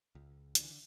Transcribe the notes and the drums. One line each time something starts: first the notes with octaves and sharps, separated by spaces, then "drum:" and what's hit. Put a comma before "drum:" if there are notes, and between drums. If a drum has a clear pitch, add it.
C#2
D3 F#3, drum: hi-hat
E3
D3